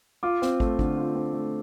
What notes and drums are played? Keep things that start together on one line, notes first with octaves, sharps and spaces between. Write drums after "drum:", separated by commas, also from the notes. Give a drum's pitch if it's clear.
F4 D6
C4, drum: snare
A3, drum: kick
D3, drum: kick
F4
C4
A3